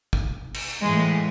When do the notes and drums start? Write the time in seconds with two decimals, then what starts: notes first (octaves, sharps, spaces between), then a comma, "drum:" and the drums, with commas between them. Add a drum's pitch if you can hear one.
0.13 drum: kick
0.54 drum: cymbal
0.82 A2 E3 G#3